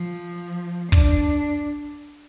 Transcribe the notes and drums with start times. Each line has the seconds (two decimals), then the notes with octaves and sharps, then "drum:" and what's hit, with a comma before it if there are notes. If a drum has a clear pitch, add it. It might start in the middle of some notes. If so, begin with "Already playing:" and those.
Already playing: F3
0.92 D4, drum: kick